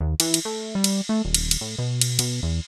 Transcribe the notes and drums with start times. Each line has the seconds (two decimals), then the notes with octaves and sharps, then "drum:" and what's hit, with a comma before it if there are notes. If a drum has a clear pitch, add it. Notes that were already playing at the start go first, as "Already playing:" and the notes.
0.01 D#2
0.20 E3, drum: cymbal
0.34 drum: cymbal
0.45 A3
0.75 G3
0.84 drum: cymbal
1.09 A3
1.25 D#1
1.34 drum: cymbal
1.51 drum: cymbal
1.61 A2
1.78 B2
2.01 drum: cymbal
2.19 B2, drum: cymbal
2.43 E2